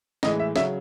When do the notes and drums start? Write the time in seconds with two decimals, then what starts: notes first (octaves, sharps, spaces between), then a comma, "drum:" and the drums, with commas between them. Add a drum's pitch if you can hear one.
0.23 A2 E3 G#3 D#5, drum: snare
0.40 E5
0.56 C#3 F#3 E5, drum: snare